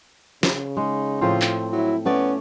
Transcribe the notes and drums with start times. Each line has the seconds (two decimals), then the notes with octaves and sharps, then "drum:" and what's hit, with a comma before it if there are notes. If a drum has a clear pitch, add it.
0.43 C#3, drum: snare
0.77 G#3 D#4
1.21 A2 F3 C4 F4
1.42 drum: clap
1.72 F#3 E4
2.06 A3 B3 C#4 C#5 D5